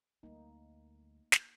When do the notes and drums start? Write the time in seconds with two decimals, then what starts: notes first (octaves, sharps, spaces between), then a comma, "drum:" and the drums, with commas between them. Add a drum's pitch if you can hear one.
0.23 D2 G3 A#3 D#4
1.32 drum: snare